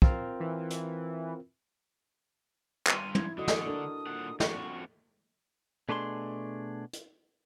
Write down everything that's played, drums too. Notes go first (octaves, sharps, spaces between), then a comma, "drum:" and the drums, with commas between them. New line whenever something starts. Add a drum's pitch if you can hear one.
C4 F4 A#4, drum: kick
E3
drum: hi-hat
G2 F4 D#7, drum: clap
E4 G#6, drum: tom
D3 F#4 D#5 D#6
drum: snare
D4 A4 A#4
A#2 F#5
F2 F#4 C#6, drum: snare
B2 A3 D4 G#4 C6
drum: hi-hat